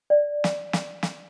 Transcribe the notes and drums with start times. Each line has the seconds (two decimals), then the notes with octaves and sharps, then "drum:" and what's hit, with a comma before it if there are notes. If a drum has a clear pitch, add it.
0.10 D5
0.44 drum: snare
0.73 drum: snare
1.03 drum: snare